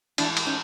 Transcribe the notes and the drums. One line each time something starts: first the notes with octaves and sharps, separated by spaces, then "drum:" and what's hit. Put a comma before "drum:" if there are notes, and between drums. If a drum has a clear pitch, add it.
A2 E3 G#3 D4 E4, drum: cymbal
drum: cymbal
C#4 D#4